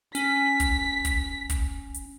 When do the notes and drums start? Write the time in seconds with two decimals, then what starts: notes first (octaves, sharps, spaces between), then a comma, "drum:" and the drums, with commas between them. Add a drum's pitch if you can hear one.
0.15 C#4 B6, drum: hi-hat
0.60 drum: kick, hi-hat
1.05 drum: kick, hi-hat
1.50 drum: kick, hi-hat
1.94 drum: hi-hat